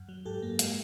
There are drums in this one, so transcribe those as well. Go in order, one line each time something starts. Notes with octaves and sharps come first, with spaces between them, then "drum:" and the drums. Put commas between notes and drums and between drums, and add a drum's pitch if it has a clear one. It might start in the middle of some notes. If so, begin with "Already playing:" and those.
Already playing: F#2
F#3
G#2 G4 A4
A#3
G#3, drum: hi-hat